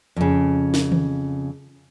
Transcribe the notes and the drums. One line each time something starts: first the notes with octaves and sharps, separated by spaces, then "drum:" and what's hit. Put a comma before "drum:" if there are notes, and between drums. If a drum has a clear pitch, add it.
F2 C#3
drum: snare
drum: tom D#3